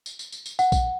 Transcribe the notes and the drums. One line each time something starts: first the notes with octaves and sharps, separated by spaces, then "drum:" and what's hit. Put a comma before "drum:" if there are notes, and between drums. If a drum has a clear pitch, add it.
drum: tambourine
drum: tambourine
drum: tambourine
drum: tambourine
F#5, drum: tambourine
drum: kick, tambourine